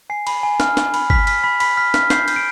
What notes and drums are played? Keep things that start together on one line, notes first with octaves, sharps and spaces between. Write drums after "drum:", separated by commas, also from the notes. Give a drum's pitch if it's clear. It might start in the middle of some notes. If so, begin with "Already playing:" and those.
G#5 C7
B5, drum: cymbal
G#5
F6, drum: snare
G#5, drum: snare
B5, drum: cymbal
F6 B6, drum: kick G1
F6 B6, drum: cymbal
B5 B6
B5 B6, drum: cymbal
F6 B6
F6 B6, drum: snare
G6 C7, drum: snare
G6, drum: cymbal
D7